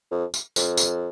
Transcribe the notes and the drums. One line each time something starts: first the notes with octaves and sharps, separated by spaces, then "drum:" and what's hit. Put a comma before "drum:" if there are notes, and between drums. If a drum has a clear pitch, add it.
F2
drum: tambourine
F2, drum: tambourine
drum: tambourine